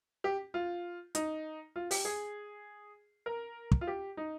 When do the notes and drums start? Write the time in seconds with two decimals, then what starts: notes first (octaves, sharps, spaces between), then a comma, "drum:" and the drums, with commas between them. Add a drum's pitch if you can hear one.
0.24 G4
0.54 F4
1.15 D#4, drum: hi-hat
1.76 F4
1.91 G4, drum: open hi-hat
2.05 G#4
3.26 A#4
3.71 drum: kick
3.81 F4
3.87 G4
4.17 D#4